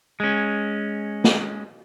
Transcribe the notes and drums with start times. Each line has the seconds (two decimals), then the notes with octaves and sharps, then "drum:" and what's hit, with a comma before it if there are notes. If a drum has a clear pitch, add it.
0.20 G#3 C#4
1.24 drum: snare